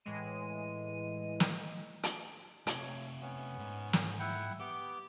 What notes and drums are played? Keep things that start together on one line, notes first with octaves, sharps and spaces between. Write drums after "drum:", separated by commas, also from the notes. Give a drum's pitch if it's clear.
A2 E3 G#3 D#7
drum: snare
drum: hi-hat
C3 A3 C#5, drum: hi-hat
B3 C#4
G#2
drum: snare
E4 F#5 G5
B3 G4 D6